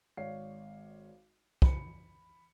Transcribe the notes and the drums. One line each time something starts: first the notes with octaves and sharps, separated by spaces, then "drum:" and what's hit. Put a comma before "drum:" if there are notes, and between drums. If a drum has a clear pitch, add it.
G#1 C#5 D5 F5 C7
B5 C#7, drum: kick